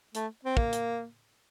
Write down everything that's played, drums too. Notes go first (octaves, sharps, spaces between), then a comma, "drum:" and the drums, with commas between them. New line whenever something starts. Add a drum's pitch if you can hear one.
A3, drum: hi-hat
C4
A#3, drum: kick
drum: hi-hat